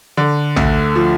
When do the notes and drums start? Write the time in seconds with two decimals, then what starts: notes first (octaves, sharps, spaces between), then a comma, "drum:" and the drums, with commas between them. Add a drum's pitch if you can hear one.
0.17 D3
0.56 D2, drum: tom
0.96 F3